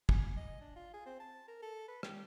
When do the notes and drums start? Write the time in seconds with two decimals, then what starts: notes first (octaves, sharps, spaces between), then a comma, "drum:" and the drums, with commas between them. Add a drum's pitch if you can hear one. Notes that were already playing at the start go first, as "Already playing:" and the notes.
0.09 G#5, drum: kick
0.37 D#5
0.61 D4
0.76 F4
0.94 G#4
1.06 C4
1.20 A5
1.48 A#4
1.62 A4
1.88 B4
2.03 G4, drum: rim click